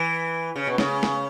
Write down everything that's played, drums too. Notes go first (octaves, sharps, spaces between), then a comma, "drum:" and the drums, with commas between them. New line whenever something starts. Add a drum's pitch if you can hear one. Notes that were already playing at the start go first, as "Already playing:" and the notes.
Already playing: E3
C#3
B2
C#3, drum: snare
drum: snare